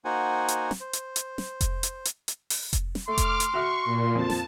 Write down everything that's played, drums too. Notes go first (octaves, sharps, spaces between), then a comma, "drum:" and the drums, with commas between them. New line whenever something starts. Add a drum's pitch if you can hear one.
A#3 D#4 F#4 C5 F#5 G#5
drum: hi-hat
drum: snare
C5
drum: hi-hat
drum: hi-hat
drum: snare
drum: kick F1, hi-hat
drum: hi-hat
drum: hi-hat
drum: hi-hat
drum: open hi-hat
drum: kick F1, hi-hat
drum: snare
A3 C6 D6 F6
drum: kick F1, hi-hat
drum: hi-hat
F#4 E5 C#6 F6
A#2
F2 F3 A5
drum: snare